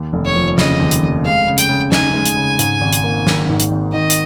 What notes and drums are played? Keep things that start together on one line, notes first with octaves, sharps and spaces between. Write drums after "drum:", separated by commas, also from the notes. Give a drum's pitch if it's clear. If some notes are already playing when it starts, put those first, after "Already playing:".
Already playing: D#2
F1
C#5
F3
C#3 D#5, drum: snare
D#2
drum: hi-hat
F1
G#3 F5
C#3
G5, drum: hi-hat
C#3
D#4 G#5, drum: snare
G#3
drum: hi-hat
C#3
G#2, drum: hi-hat
G#1
drum: hi-hat
A#3
D#3, drum: snare
G#2
drum: hi-hat
G#1
D#3 D#5
drum: hi-hat